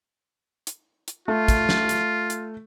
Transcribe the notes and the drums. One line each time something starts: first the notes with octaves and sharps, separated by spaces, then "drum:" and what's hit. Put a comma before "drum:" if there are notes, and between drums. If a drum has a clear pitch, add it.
drum: hi-hat
drum: hi-hat
A3 F4
drum: kick, hi-hat
drum: snare
drum: hi-hat
drum: hi-hat